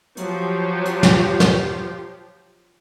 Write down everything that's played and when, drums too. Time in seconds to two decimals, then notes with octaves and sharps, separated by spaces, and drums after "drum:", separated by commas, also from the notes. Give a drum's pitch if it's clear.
0.17 F3 F#3 F4 G4, drum: hi-hat
0.85 drum: hi-hat
1.03 drum: snare
1.40 drum: snare